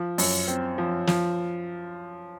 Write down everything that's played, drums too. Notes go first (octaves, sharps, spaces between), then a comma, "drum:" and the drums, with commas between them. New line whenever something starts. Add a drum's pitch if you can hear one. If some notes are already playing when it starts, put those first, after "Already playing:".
Already playing: F3
F#2, drum: open hi-hat
C4
F3
F3, drum: snare